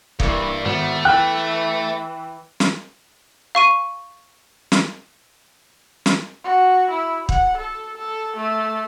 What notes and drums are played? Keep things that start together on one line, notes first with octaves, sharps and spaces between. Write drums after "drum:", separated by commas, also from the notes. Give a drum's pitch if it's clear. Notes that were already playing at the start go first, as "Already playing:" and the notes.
G2 E3 A#3, drum: kick
G#1 A3 B3
E3 G5 F#6
drum: snare
F5 C#6 D#7
drum: snare
drum: snare
F#4
E4
F#5, drum: kick
A4
A4
A3